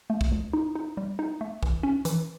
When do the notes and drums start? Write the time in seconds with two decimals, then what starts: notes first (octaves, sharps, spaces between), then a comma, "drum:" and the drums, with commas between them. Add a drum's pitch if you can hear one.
0.10 A3
0.21 drum: kick
0.32 D2
0.53 D#4
0.76 D#4
0.97 G3
1.19 D#4
1.41 A3
1.63 E3, drum: kick
1.83 C#4
2.05 E3, drum: hi-hat